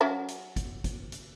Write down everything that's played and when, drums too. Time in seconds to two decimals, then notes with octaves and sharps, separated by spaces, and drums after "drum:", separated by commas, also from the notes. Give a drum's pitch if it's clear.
0.01 F#3 C#4 E5
0.28 drum: hi-hat
0.56 drum: kick, hi-hat
0.84 drum: kick, hi-hat
1.12 drum: hi-hat